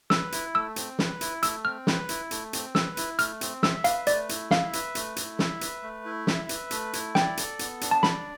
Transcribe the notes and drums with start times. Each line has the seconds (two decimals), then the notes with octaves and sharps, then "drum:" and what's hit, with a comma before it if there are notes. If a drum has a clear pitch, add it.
0.10 B4 E6, drum: snare
0.32 E4, drum: hi-hat
0.55 A3 E6
0.76 C4, drum: hi-hat
0.99 B4, drum: snare
1.21 E4, drum: hi-hat
1.43 A3 E6, drum: hi-hat
1.65 C4 F6
1.87 B4, drum: snare
2.09 E4, drum: hi-hat
2.31 A3, drum: hi-hat
2.53 C4, drum: hi-hat
2.75 B4 E6, drum: snare
2.97 E4, drum: hi-hat
3.19 A3 F6, drum: hi-hat
3.41 C4, drum: hi-hat
3.63 E5 E6, drum: snare
3.84 B4 F5, drum: hi-hat
4.07 A3 D5, drum: hi-hat
4.29 E4, drum: hi-hat
4.51 E5 F5, drum: snare
4.73 B4, drum: hi-hat
4.95 A3, drum: hi-hat
5.16 E4, drum: hi-hat
5.39 E5, drum: snare
5.61 B4, drum: hi-hat
5.83 A3
6.05 E4
6.27 E5, drum: snare
6.49 B4, drum: hi-hat
6.71 A3, drum: hi-hat
6.93 E4, drum: hi-hat
7.15 D5 G5, drum: snare
7.37 A4, drum: hi-hat
7.59 B3, drum: hi-hat
7.81 D4, drum: hi-hat
7.91 A5
8.03 D5 B5, drum: snare